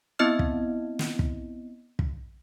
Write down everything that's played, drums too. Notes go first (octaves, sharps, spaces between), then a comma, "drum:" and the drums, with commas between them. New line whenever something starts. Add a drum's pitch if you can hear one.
B3 C4 E4 D#5 F6
drum: kick
drum: snare
drum: kick
drum: kick